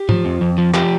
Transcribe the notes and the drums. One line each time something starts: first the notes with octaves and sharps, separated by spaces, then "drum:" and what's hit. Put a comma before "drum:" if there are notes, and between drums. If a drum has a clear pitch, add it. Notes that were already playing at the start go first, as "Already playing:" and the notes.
Already playing: G4
F3, drum: tom G#2
F2
F2
F3
F3 G4, drum: clap